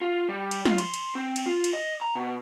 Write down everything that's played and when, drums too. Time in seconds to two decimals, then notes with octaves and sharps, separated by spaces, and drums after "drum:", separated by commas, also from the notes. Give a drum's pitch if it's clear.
0.01 F4
0.29 G3
0.51 drum: cymbal
0.65 F4, drum: snare
0.78 C6, drum: cymbal
0.94 drum: cymbal
1.15 C4
1.36 drum: cymbal
1.46 F4
1.64 drum: cymbal
1.73 D#5
2.02 A#5
2.15 B2